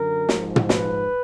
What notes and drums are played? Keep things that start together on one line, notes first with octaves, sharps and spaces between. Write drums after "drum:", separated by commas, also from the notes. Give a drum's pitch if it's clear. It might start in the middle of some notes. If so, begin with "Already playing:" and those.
Already playing: F#2 D3 A#4
G#2 F3, drum: snare
drum: tom
B4, drum: snare